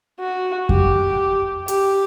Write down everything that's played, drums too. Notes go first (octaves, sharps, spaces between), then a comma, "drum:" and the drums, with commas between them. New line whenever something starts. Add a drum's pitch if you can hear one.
F#4
G4, drum: kick F2
G4, drum: hi-hat